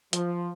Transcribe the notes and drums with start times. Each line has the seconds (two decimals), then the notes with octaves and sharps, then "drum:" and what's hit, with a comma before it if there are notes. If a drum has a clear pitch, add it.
0.13 F3, drum: hi-hat